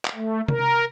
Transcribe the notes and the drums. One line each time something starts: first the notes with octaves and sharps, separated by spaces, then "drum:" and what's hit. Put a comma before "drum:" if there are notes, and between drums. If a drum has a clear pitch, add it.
drum: clap
A3
A#4, drum: tom C3